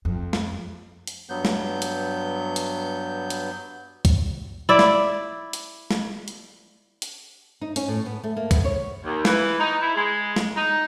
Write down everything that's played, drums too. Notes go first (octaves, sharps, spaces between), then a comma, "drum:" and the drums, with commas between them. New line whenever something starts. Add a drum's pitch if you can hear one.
F2
drum: snare
drum: hi-hat
G2 F#3 B3 G6
drum: snare
drum: hi-hat
drum: hi-hat
drum: hi-hat
drum: kick, hi-hat
E4 D5
drum: snare
drum: hi-hat
drum: snare
drum: hi-hat
drum: hi-hat
D#4
C#4, drum: hi-hat
A2
B3
A3
A#3
B3, drum: kick, hi-hat
C#5
D#2
E3, drum: snare
D#4
E4
G#3
drum: snare
D#4